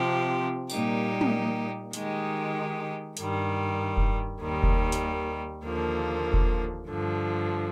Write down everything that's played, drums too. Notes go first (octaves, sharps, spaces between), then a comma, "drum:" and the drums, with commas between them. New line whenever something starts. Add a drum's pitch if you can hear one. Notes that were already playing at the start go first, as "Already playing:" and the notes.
Already playing: C3 F3 C4 G4
A#2 G3 A#3 D#4 G4, drum: tambourine
drum: tom
D#3 G#3 D#4 G4, drum: hi-hat
G2 D#3 G3, drum: hi-hat
drum: kick F1
D#2 D#3 G3
drum: kick F1
drum: hi-hat
D#2 D3 F3 A#3
drum: kick F1
G2 D3 F3